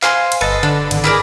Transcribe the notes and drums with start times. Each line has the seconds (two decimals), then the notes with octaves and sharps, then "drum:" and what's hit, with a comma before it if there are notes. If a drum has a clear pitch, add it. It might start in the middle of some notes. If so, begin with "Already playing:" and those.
0.02 C5 F5 G#5 C6, drum: clap
0.32 drum: cymbal
0.41 G1 A4 B4 D#5 A6
0.63 D3 D4
0.91 G#1, drum: cymbal
1.04 E4 G#4 A#4 D5